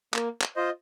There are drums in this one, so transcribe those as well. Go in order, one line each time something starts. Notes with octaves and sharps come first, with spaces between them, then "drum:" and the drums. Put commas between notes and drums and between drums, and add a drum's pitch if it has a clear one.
A#3, drum: clap
drum: clap
F4 C5 D#5